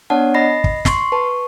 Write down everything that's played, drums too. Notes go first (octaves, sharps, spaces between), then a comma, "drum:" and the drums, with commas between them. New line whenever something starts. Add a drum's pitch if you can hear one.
B3 D4 C#5 D5 F#5 A5
D#5 B5 A#6 C7
drum: kick
C6 C#6 C7, drum: snare
B4 A5 C#6